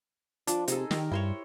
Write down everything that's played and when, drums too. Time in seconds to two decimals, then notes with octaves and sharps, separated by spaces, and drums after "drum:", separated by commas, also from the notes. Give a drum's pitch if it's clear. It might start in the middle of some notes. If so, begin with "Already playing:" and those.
0.47 F3 D4, drum: hi-hat
0.68 C3 D#4 G#4 A4, drum: hi-hat
0.91 D#3 G4 A#4, drum: snare
1.12 G2 E4 C5 C#5